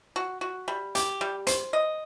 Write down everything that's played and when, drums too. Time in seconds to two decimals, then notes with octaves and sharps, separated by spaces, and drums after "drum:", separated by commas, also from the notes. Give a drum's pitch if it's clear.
0.16 F#4
0.41 F#4
0.68 G3
0.95 G4, drum: hi-hat
1.21 G3
1.47 C5, drum: hi-hat
1.73 D#5